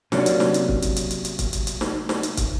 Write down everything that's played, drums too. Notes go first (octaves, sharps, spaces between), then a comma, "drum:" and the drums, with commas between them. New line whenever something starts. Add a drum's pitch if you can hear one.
C3 F#3 A#3 C#4 D4, drum: snare
drum: hi-hat
drum: snare
drum: hi-hat
drum: kick
drum: hi-hat
drum: hi-hat
drum: hi-hat
drum: hi-hat
drum: kick, hi-hat
drum: hi-hat
drum: hi-hat
drum: snare
drum: snare
drum: hi-hat
drum: kick, hi-hat